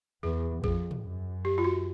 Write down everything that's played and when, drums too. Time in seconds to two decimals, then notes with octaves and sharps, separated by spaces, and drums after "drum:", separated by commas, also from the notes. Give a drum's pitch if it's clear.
0.23 E2 G#4
0.64 F2 G#4, drum: kick A1
0.91 drum: tom
1.04 F#2
1.45 G4
1.58 F4
1.64 F#4